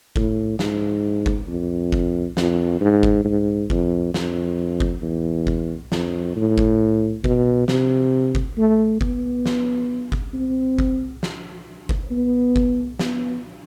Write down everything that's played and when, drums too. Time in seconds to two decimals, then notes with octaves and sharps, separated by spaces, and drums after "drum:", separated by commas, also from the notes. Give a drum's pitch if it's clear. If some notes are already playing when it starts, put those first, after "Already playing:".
0.16 A2, drum: kick G1
0.59 G#2, drum: snare
1.26 drum: kick G1
1.48 F2
1.92 drum: kick G1
2.37 F2, drum: snare
2.81 G#2
3.03 drum: kick G1
3.25 G#2
3.70 F2, drum: kick G1
4.14 F2, drum: snare
4.80 drum: kick G1
5.02 E2
5.47 drum: kick G1
5.92 F2, drum: snare
6.36 A2
6.58 drum: kick G1
7.24 B2, drum: kick G1
7.68 C3, drum: snare
8.35 drum: kick G1
8.58 A3
9.01 B3, drum: kick G1
9.46 drum: snare
10.12 drum: kick G1
10.34 C4
10.79 drum: kick G1
11.23 drum: snare
11.89 drum: kick G1
12.11 B3
12.56 drum: kick G1
12.99 B3, drum: snare